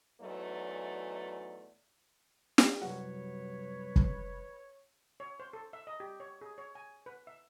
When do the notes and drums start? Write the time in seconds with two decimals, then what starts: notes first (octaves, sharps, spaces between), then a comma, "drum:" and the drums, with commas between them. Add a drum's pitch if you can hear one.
0.21 E2 G#2 F#3 A3 B4 D5
2.58 drum: snare
2.82 C2 F#2 F#4 B4 C#5
3.96 drum: kick
5.20 C#5
5.40 C5
5.53 A4
5.73 E5
5.87 D#5
6.00 G4
6.20 C#5
6.41 G#4
6.58 C#5
6.75 G#5
7.06 B4
7.27 E5